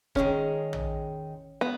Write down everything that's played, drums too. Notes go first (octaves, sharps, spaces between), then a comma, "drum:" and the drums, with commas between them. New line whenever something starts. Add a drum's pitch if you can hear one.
D#3 G#3 C#4 D#4 G#4, drum: kick E1
drum: tom A#1
G#3 B3